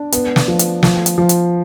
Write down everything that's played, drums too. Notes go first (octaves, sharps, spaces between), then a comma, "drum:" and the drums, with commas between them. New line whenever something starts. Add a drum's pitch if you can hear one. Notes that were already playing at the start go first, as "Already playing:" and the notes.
Already playing: D4
B3, drum: hi-hat
drum: snare
F3
drum: hi-hat
F3, drum: snare
drum: hi-hat
F3
drum: hi-hat